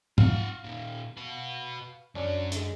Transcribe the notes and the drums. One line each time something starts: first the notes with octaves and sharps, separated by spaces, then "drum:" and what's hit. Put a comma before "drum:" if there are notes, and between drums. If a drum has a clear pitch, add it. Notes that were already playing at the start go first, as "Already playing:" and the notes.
F4 F5 F#5, drum: tom
A#2 D#3
F#4 B4
F#2 F#3 C#4 D4
D3 G#3, drum: hi-hat